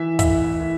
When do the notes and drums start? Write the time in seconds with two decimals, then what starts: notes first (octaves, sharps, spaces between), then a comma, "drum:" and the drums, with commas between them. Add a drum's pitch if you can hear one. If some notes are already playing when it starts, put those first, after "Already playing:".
Already playing: E3 E5
0.19 A2 E5, drum: kick, hi-hat
0.60 A2